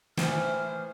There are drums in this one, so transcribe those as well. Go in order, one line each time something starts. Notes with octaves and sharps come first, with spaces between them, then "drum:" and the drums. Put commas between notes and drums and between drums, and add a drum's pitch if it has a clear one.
A2 E3 C5 E5 F6, drum: snare